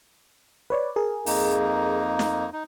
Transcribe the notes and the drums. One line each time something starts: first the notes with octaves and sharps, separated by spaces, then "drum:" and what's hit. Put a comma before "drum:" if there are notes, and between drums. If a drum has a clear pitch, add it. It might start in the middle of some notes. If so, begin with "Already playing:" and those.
B4 C#5 D5
G#4 A#4
F2 A#3 D#4, drum: open hi-hat
drum: snare
D#4